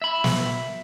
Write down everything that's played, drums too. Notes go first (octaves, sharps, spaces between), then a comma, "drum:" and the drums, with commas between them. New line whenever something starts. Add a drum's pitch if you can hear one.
E5 B5
drum: snare